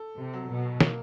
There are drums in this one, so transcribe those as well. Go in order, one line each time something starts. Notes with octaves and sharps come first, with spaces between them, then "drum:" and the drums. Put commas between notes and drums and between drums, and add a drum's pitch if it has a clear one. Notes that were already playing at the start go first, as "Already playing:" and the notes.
Already playing: A4
C3
F#3
B2
A#3, drum: snare